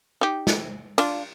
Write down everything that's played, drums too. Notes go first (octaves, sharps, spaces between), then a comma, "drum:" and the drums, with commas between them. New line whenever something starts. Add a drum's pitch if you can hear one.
D#4 G4
drum: snare
D4 F4, drum: cymbal